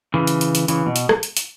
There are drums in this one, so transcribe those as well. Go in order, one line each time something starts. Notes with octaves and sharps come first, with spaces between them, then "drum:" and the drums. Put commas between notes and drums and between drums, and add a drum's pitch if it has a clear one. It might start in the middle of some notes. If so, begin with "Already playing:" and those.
C#3 E3
drum: hi-hat
drum: hi-hat
drum: hi-hat
C#3 E3, drum: hi-hat
B2
drum: hi-hat
drum: rim click
drum: hi-hat
drum: hi-hat